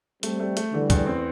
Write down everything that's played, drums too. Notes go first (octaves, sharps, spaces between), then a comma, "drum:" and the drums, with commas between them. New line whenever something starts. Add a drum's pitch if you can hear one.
G3 A3 C4, drum: hi-hat
A3
A3, drum: hi-hat
D3 E3 G3
E2, drum: kick C#2, hi-hat
C4